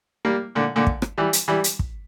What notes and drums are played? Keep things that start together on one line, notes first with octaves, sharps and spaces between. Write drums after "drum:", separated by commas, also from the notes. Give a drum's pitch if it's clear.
G3 A#3
A#2 D3
A#2 D3
drum: kick
drum: rim click
E3 G3
drum: hi-hat
E3 G3
drum: hi-hat
drum: kick